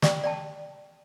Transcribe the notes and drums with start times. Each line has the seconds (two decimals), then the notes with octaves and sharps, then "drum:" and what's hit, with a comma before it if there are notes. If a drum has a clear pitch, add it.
0.02 G4 D5 G5, drum: snare
0.24 D5 G5 A5